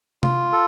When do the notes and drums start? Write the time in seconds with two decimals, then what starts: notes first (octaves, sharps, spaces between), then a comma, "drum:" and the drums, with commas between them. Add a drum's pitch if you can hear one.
0.23 F4, drum: tom C3
0.52 A4